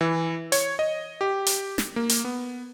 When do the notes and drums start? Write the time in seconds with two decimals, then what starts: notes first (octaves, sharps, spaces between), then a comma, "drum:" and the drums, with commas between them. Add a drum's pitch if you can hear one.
0.01 E3
0.52 C#5, drum: hi-hat
0.79 D#5
1.21 G4
1.46 drum: hi-hat
1.78 drum: snare
1.96 A#3
2.09 drum: hi-hat
2.25 B3